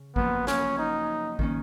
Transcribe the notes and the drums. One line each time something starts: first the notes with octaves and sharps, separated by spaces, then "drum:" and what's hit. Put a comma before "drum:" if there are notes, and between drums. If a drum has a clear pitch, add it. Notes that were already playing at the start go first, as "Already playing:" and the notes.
Already playing: C#3
F#2 F3 A#3 B3, drum: kick G#1
C#4, drum: snare
D#4
D#3 A#3 C#4, drum: kick G#1